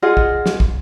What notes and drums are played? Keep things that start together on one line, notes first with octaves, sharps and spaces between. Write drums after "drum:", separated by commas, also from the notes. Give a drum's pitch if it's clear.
F4 G#4 D#5 F#5
drum: kick
drum: snare
drum: kick